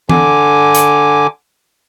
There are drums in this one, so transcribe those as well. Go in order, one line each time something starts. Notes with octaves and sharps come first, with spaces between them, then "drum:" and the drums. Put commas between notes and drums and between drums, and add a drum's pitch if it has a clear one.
D3 G#5 D6, drum: tom E3
drum: hi-hat